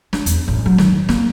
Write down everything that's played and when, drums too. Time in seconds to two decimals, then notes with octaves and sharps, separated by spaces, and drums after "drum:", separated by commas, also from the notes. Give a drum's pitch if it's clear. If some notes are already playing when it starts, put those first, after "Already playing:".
0.13 D4, drum: snare
0.26 E2, drum: hi-hat
0.48 A1
0.66 F#3
0.78 D#3, drum: snare
1.09 A#3, drum: snare